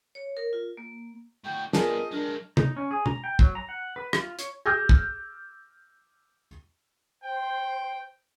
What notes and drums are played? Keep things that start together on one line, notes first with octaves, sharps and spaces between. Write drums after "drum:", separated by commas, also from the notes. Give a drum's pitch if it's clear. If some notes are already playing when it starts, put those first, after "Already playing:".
C#5
A#4
F4
A#3
A2 F#4 G5
B3 D4 F4 G#4 A#4 D#5 A5, drum: snare
F#3 G#3 D4 A#4
D#4, drum: tom
C#4
G#4
A#5, drum: tom
G5
F#3, drum: kick
A#5
F#5
B4
F4, drum: rim click
C#5, drum: hi-hat
D6 E6 F6 G6 G#6 A#6
drum: kick
C5 G5